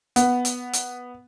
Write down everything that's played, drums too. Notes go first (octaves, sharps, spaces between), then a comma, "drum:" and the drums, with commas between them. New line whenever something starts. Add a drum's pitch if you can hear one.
B3, drum: hi-hat
drum: hi-hat
drum: hi-hat